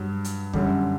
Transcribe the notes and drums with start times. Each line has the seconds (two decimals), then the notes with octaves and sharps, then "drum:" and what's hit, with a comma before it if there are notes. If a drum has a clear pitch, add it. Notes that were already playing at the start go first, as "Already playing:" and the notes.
Already playing: G2 F#3
0.24 drum: hi-hat
0.53 F#2 D3 G3, drum: kick